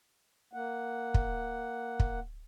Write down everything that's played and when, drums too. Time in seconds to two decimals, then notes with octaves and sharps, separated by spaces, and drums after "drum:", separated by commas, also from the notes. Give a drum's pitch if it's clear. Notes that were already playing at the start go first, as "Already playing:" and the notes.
0.53 A#3 F#5
1.14 drum: kick
2.00 drum: kick